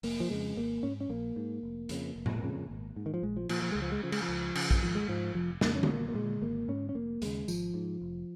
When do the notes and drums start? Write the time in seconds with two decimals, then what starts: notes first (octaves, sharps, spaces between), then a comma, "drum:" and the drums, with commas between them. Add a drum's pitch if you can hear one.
0.03 F1 A#3, drum: open hi-hat
0.20 F3
0.30 F2 C#3 G#3
0.56 G#1 A#3
0.83 G#2 C#4
1.01 C#4
1.09 A#1 A#3
1.36 G#2
1.63 F1
1.89 F2 C#3, drum: hi-hat
2.16 F1
2.26 drum: tom A2
2.42 F2 C#3
2.69 G#1
2.96 G#2
3.06 D#3
3.14 F3
3.23 A#1 G#3
3.37 F3
3.49 A#2 F3, drum: cymbal
3.62 F3
3.72 C#2 G#3
3.82 F3
3.92 G#3
4.03 C#3 F3
4.12 G#3, drum: cymbal
4.22 F3
4.29 C#2
4.55 C#3, drum: cymbal
4.71 drum: kick A#1
4.82 G#1 F3
4.95 G#3
5.08 G#2 F3
5.35 F1 F3
5.61 F2 C#3 A#3, drum: snare
5.75 C#4
5.83 G#3, drum: tom D3
5.88 A#1 A#3
6.09 A#3
6.15 A#2 G#3
6.42 G#1 A#3
6.68 G#2 C#4
6.89 C#4
6.95 F1 A#3
7.22 D#2 C#3 G#3, drum: hi-hat
7.48 G#1 F3, drum: tambourine
7.74 G#2
8.02 F1